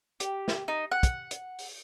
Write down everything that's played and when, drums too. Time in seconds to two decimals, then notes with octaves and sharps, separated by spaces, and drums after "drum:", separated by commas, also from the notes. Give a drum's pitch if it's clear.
0.20 G4, drum: hi-hat
0.48 drum: snare
0.68 D#4
0.92 F#5
1.03 drum: kick, hi-hat
1.31 drum: hi-hat
1.59 drum: open hi-hat